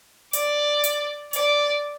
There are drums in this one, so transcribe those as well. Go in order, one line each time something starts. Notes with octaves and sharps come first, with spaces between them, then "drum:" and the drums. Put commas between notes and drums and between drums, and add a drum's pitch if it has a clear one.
D5, drum: hi-hat
drum: hi-hat
D5, drum: hi-hat